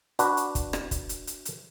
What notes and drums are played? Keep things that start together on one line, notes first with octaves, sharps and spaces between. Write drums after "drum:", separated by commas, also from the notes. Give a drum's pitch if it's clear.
D4 F#4 B4, drum: hi-hat
drum: hi-hat
drum: kick, hi-hat
drum: rim click
drum: kick, hi-hat
drum: hi-hat
drum: hi-hat
drum: hi-hat